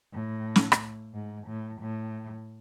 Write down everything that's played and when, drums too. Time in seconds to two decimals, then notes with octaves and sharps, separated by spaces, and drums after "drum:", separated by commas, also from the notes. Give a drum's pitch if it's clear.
0.13 A2
0.56 drum: snare
0.72 drum: rim click
1.14 G#2
1.47 A2
1.81 A2